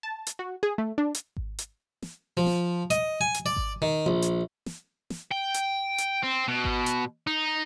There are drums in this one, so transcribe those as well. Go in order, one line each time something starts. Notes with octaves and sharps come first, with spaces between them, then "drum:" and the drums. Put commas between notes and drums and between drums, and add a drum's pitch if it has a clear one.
A5
drum: hi-hat
F#4
G#4
A3
D4
drum: hi-hat
drum: kick G#1
drum: hi-hat
drum: snare
F3
drum: snare
D#5, drum: hi-hat
G#5
drum: hi-hat
D5
drum: kick G#1
D#3
A#1
drum: hi-hat
drum: snare
drum: snare
G5
drum: hi-hat
drum: hi-hat
C4
B2
drum: kick G#1
drum: hi-hat
D#4